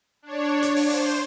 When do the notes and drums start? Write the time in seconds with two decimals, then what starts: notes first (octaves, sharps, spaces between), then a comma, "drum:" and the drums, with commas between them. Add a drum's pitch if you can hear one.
0.22 D4 C#5
0.62 drum: hi-hat
0.76 drum: open hi-hat
0.89 C5, drum: open hi-hat